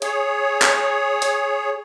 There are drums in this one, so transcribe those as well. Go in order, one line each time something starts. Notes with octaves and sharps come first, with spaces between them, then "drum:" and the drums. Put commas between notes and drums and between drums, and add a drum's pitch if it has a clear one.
G#4 C#5, drum: hi-hat
drum: clap
drum: hi-hat